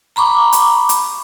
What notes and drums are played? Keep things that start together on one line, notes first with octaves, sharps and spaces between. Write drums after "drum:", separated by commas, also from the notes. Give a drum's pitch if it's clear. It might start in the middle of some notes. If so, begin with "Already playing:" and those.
A#5 B5 C#6 D6
drum: hi-hat
drum: hi-hat